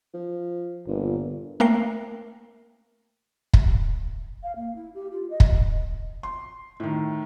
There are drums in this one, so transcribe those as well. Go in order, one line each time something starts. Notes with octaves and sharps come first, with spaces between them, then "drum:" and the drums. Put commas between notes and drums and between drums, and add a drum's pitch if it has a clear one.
F3
G1 A#2
A3 A#3 A#4 G5 C7
drum: kick
F5
A#3
E4
G4
F4
D#5
drum: kick
C6
A2 D#3